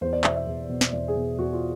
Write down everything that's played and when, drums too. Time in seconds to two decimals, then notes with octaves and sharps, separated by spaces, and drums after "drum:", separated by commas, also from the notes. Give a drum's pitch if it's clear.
0.01 E2 C5
0.13 D5
0.24 B2 E5, drum: clap
0.36 E5
0.47 E2
0.69 B2
0.81 drum: snare
0.93 E2 D5
1.08 G#4
1.16 B2
1.38 E2 F#4
1.53 F4